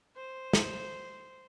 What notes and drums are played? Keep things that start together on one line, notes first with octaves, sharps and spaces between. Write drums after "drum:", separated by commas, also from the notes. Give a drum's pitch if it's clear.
C5
drum: snare